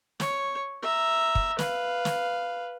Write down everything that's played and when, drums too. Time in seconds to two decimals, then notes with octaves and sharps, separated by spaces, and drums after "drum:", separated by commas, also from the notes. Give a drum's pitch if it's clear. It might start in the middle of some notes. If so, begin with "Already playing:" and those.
0.20 C#5, drum: snare
0.82 E5 A#5
1.35 drum: kick
1.59 B4 F5, drum: snare
2.05 drum: snare